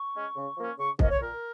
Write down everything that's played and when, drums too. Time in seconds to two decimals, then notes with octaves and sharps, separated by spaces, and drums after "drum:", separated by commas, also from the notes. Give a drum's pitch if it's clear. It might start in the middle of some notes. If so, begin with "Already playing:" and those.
Already playing: C#6
0.15 G#3 C#4
0.36 C#3
0.57 F3 A#3 C#4
0.78 C#3 C#6
0.99 F3 A#3 C#4 D#5, drum: kick
1.10 C#5
1.21 A#2 A#4